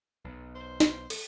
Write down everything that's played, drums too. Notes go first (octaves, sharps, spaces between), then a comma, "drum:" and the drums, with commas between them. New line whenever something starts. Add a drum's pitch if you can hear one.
B1
C5
drum: snare
A4, drum: cymbal